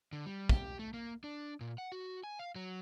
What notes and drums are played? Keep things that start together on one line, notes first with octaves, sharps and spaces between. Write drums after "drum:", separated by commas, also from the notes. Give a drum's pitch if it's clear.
D3
G3
G4, drum: kick
A3
A#3
D4
A#2
F#5
F#4
G#5
F5
F#3